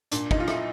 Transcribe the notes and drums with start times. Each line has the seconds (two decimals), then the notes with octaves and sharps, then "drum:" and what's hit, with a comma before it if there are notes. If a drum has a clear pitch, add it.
0.12 A#2 D4, drum: hi-hat
0.31 D#4, drum: kick
0.37 B1 F4
0.48 E4, drum: rim click